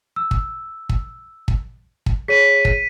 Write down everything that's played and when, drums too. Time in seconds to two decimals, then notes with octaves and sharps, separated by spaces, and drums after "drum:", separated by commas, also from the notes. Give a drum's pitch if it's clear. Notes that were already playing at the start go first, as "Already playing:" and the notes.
0.16 E6
0.31 drum: kick
0.89 drum: kick
1.48 drum: kick
2.06 drum: kick
2.28 G#4 C#5 B6 D#7
2.65 drum: kick